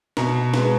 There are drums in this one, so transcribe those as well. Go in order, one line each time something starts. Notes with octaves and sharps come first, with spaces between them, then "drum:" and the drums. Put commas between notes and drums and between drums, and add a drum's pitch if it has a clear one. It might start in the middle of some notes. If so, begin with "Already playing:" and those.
B2 A#5, drum: snare
G#3 B3, drum: snare